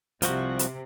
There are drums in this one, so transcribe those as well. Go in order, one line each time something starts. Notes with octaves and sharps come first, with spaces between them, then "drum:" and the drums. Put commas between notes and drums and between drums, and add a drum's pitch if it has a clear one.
C2 C3 F3 F#4, drum: hi-hat
drum: hi-hat